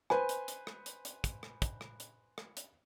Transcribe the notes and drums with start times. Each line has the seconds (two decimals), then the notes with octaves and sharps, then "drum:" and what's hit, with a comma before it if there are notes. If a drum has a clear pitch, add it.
0.10 B4 C5 G#5, drum: rim click
0.29 drum: hi-hat
0.48 drum: hi-hat
0.67 drum: rim click
0.86 drum: hi-hat
1.05 drum: hi-hat
1.24 drum: kick, hi-hat
1.43 drum: rim click
1.62 drum: kick, hi-hat
1.81 drum: rim click
2.00 drum: hi-hat
2.38 drum: rim click
2.57 drum: hi-hat